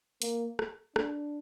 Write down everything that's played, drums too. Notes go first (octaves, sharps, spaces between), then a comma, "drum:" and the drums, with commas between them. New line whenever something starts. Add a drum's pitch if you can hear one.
A#3, drum: hi-hat
drum: rim click
D4, drum: rim click